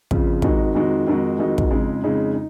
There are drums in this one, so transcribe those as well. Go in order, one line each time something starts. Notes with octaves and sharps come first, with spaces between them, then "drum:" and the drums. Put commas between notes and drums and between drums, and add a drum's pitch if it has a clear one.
F2 C#3 F3, drum: kick
F2 D#3 G#3 D#4 F#4, drum: kick
F2 D#3 G#3 D#4 F#4
F2 D#3 G#3 D#4 F#4
F2 D#3 G#3 D#4 F#4
drum: kick
F2 C#3 G#3 D#4
F2 C#3 G#3 D#4
D#4